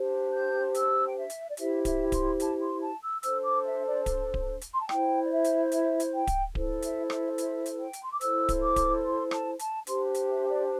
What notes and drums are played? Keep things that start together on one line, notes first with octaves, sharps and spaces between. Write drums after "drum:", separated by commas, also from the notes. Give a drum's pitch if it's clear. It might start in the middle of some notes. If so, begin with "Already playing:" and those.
Already playing: D4 G4 C5
G6
E6, drum: hi-hat
G5
E5
drum: hi-hat
D5
E4 G4 C5 E5, drum: hi-hat
E5, drum: kick D1, hi-hat
C6, drum: kick D1, hi-hat
A5, drum: hi-hat
C6
A5
E6
D4 A4 C5 E6, drum: hi-hat
D6
E5
D5
drum: kick D1, hi-hat
drum: kick D1
drum: hi-hat
C6
A5
E4 C5 G5, drum: rim click
D5
E5
drum: hi-hat
E5, drum: hi-hat
drum: hi-hat
G5
drum: kick D1, hi-hat
E4 A4 C5, drum: kick D1
E5, drum: hi-hat
E5, drum: rim click
E5, drum: hi-hat
drum: hi-hat
G5
drum: hi-hat
C6
D6
E4 A4 C5 E6, drum: hi-hat
drum: kick D1, hi-hat
D6
drum: kick D1, hi-hat
C6
A5, drum: rim click
A5, drum: hi-hat
D4 G4 C5 C6, drum: hi-hat
drum: hi-hat
E5
D5